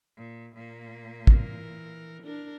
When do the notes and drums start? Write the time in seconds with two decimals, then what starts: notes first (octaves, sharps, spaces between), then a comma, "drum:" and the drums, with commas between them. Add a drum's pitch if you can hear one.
0.17 A#2
0.56 A#2 A#3
1.27 E3 A#4, drum: kick
2.23 D4 A#4